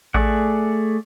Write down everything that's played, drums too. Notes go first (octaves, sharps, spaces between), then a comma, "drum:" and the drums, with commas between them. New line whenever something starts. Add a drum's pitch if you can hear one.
A3 G#4 D5 F#5, drum: kick A1